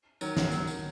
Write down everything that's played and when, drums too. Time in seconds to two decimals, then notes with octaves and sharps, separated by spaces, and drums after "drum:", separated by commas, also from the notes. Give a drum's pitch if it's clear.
0.21 D#3 F#3, drum: tambourine
0.37 D#3 F#3, drum: snare
0.52 D#3 F#3, drum: tambourine
0.67 drum: tambourine